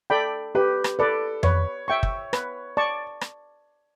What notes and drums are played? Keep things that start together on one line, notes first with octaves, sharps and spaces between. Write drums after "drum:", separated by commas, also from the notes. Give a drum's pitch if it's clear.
A4 D5 G5 B5
G4 B4
drum: rim click
A4 B4 D5
B4 C#5, drum: tom F2
E5 G5 C#6
drum: kick
B4, drum: rim click
D5 A5 C#6
drum: rim click